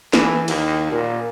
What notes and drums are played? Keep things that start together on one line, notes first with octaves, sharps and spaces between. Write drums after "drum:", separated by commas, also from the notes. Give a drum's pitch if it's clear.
E3, drum: snare
D#2, drum: cymbal
A#2